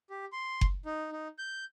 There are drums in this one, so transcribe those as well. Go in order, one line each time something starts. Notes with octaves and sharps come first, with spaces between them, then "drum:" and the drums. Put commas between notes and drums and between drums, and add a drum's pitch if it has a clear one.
G4
C6
drum: kick F#1
D#4
D#4
G6